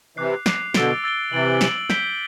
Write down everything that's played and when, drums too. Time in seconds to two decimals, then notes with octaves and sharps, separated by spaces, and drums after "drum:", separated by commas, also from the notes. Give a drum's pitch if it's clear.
0.17 C3 E3 D6 F#6 C7
0.46 D6 F#6 C7, drum: snare
0.74 B2 D3 E6 A6 D7 G7, drum: snare
1.04 E6 A6 D7 G7
1.32 C3 E3 A6 D7 F#7
1.61 A6 D7 F#7, drum: snare
1.90 G6 B6 D7 G7, drum: snare